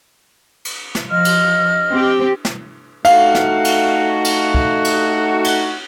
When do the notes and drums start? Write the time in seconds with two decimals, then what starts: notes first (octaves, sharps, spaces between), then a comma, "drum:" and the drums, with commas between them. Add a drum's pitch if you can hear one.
0.65 drum: cymbal
0.95 drum: snare
1.10 F3 D#5 F6
1.25 drum: cymbal
1.91 C4 G4
2.45 drum: snare
3.05 A3 D#4 F#4 F5, drum: cymbal
3.35 drum: snare
3.65 drum: cymbal
4.25 drum: cymbal
4.55 drum: kick
4.84 drum: cymbal
5.44 drum: cymbal